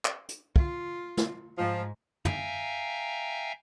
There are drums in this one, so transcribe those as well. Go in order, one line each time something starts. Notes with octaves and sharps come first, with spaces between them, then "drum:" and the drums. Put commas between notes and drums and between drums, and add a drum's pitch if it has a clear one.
drum: clap
drum: hi-hat
F4, drum: kick
drum: snare
G#2 F3
E5 F5 G5 G#5 A#5, drum: tom